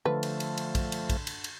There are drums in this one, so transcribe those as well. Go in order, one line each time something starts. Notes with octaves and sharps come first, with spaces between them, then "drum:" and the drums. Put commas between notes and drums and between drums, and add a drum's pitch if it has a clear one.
D3 F3 A3 B4
drum: cymbal
drum: cymbal
drum: cymbal
drum: kick, cymbal
drum: cymbal
drum: kick, cymbal
drum: cymbal
drum: cymbal